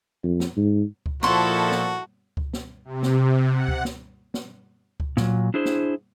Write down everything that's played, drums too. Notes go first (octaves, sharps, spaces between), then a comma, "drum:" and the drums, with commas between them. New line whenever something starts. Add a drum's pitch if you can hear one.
F2
drum: snare
G#2
drum: kick C#2
A#2 F3 E4 F#4 A4 C6 C#6, drum: snare
drum: snare
drum: kick C#2
drum: snare
C3
drum: snare
F#5
drum: kick C#2
drum: snare
drum: snare
drum: kick C#2
A#2 F#3, drum: snare
D4 E4 G#4 C5
drum: snare